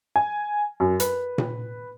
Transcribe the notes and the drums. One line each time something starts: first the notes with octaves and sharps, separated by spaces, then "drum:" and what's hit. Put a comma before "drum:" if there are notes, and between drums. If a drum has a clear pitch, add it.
G#5
F#2
B4, drum: hi-hat
drum: tom A#2